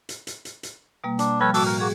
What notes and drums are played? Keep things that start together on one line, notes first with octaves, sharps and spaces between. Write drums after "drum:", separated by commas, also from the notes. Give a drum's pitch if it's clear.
drum: hi-hat
drum: hi-hat
drum: hi-hat
drum: hi-hat
B2 G3 A#3
D4, drum: hi-hat
F3 G3 A4 B4 C#5 F6
A2 F#4 A4 D6, drum: open hi-hat
A#4
A#3 F#4 G#4